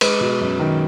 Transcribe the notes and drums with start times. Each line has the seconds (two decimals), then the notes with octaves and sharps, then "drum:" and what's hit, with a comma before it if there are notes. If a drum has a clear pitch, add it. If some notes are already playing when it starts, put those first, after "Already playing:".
0.01 G#3 B4, drum: cymbal
0.21 B2
0.41 F#2
0.59 D#3